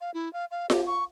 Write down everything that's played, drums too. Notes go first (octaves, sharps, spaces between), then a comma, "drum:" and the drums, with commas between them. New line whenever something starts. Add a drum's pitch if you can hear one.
F5
E4
F5
F5
G4, drum: snare F4
C#6